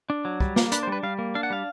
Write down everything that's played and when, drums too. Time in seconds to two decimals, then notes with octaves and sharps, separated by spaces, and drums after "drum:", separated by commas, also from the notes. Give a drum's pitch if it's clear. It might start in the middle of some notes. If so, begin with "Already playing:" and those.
0.10 D4
0.25 F#3
0.40 G3, drum: kick
0.56 A#3, drum: snare
0.72 D4 B4, drum: hi-hat
0.83 C5
0.87 G3
0.92 B4
1.03 G3 F5
1.19 A#3
1.35 D4 F5
1.43 F#5
1.50 G3 F5